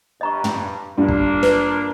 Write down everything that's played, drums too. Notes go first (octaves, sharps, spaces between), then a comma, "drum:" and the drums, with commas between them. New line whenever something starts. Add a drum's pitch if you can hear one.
G2 D#5 A#5 C#6
drum: tom
G2 A#3 D4 F4
drum: kick
B4, drum: snare